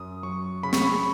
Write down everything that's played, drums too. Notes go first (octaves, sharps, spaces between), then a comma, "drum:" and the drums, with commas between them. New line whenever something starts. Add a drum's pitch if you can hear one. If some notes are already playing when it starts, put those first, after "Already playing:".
Already playing: F#2 D#6
F#3 C#6
C#3 B5
C#6, drum: snare
B5